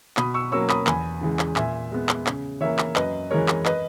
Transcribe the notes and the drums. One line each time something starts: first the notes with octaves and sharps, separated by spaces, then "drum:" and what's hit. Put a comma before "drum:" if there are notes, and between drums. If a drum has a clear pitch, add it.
B2 B5 D#6, drum: clap
C#6 E6
F#3 A#3 C#4 C#6 E6
B5 D#6, drum: clap
E2 G#5 B5, drum: clap
C#3 E3 G#3
drum: clap
A#2 E5 G#5, drum: clap
G#3 B3
drum: clap
C#3, drum: clap
E3 A#3 C#5 E5
drum: clap
F#2 B4 D#5, drum: clap
E3 G#3 A#4 C#5
drum: clap
B4 D#5, drum: clap